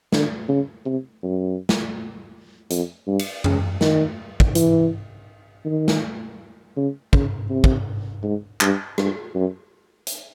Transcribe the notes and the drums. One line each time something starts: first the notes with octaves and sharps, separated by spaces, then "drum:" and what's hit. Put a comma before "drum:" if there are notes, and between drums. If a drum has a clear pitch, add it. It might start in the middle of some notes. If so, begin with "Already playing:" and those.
D3, drum: snare
C#3
C3
F#2
drum: snare
F2, drum: hi-hat
G2
drum: cymbal
C#3, drum: tom F#2
D#3, drum: snare
drum: kick
E3, drum: hi-hat
D#3
drum: snare
C#3
C#3, drum: kick
C3
drum: kick
G#2
G2, drum: clap
G2, drum: rim click
F#2
drum: hi-hat